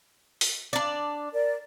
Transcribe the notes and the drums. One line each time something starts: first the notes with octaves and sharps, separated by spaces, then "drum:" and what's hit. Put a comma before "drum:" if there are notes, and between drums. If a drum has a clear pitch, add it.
drum: open hi-hat
D4 D5
A#4 D5